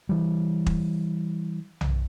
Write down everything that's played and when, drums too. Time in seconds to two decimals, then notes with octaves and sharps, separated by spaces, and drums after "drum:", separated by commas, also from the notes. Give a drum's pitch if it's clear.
0.09 E3 G3
0.66 drum: kick
1.81 drum: tom B1